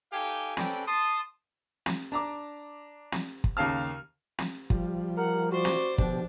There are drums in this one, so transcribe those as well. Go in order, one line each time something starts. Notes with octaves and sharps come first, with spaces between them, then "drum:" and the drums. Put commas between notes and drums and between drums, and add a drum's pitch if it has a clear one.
D#4 G4 A4 F5 G5 G#5
C4 C#4 A4 B4 D5 G5, drum: snare
A5 C6 D#6
drum: snare
D4 A#5 D6
drum: snare
drum: kick
D#2 C#3 F5 A5 F6
drum: snare
F3 G3, drum: kick
A#4 F#5
F#4 C5 D5
drum: snare
B2 D3 F3 D4 G4, drum: kick